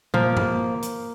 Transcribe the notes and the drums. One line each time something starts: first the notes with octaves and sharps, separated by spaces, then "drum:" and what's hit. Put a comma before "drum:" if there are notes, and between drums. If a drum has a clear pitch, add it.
F3 A#3, drum: tom
drum: tom G2
drum: hi-hat